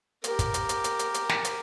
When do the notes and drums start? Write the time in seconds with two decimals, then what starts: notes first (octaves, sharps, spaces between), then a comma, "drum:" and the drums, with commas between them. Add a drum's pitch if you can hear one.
0.24 G4 A#4, drum: hi-hat
0.39 drum: kick, hi-hat
0.54 drum: hi-hat
0.69 drum: hi-hat
0.84 drum: hi-hat
0.99 drum: hi-hat
1.14 drum: hi-hat
1.29 drum: snare
1.44 drum: hi-hat